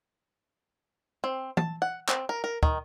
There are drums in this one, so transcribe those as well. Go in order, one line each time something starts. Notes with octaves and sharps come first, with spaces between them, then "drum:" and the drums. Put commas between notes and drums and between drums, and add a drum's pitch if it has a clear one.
C4
A5, drum: tom
F#5
C4, drum: clap
A#4
A#4
D#3, drum: kick